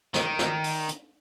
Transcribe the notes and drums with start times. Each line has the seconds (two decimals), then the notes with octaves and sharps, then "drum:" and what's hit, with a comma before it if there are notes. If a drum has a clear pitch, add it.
0.14 D#3, drum: snare
0.39 drum: snare
0.64 drum: open hi-hat
0.89 drum: hi-hat